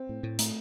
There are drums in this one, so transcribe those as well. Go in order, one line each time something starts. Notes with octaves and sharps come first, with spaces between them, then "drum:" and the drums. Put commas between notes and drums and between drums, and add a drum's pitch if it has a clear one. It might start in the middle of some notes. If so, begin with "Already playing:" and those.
Already playing: C4
A2
A2
A3, drum: hi-hat